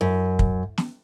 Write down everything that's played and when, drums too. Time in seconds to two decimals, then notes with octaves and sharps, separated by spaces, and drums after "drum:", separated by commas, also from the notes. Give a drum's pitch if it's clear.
0.01 F#2
0.39 drum: kick
0.78 drum: snare